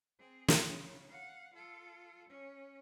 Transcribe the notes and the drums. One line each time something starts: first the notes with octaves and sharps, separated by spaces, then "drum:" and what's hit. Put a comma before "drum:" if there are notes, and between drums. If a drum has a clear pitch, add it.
C4 G#4
drum: snare
C#3
F5 F#5
F4 A4
C#4